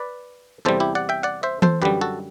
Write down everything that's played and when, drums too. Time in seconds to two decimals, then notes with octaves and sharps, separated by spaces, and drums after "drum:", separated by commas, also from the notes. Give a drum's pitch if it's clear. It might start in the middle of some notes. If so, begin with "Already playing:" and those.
Already playing: B4 D5
0.65 E2 C3 G3 A4 C5
0.80 E4 G4
0.95 D5 F#5
1.09 E5 G5
1.23 D5 F#5
1.43 C5 E5
1.62 A4 C5, drum: tom E3
1.82 F#2 D3 G3 G4 B4
2.01 F#4 A4